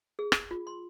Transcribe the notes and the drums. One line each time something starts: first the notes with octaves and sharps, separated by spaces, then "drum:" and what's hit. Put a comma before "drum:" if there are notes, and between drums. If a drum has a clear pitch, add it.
G#4
drum: rim click
F4
C6